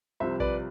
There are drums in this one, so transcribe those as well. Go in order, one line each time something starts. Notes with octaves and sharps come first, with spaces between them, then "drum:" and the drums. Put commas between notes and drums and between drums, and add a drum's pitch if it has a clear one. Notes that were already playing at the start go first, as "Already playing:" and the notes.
C2 C3 F3 C5 E5
B4 D5, drum: kick A#1